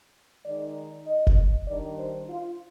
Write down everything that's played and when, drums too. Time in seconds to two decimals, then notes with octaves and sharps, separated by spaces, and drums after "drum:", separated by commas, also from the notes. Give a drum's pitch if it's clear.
0.45 D#3 G#3 D#4 D5
1.07 D#5
1.27 drum: kick F#1
1.67 D#3 G3 D4 D5
1.99 C5
2.29 F4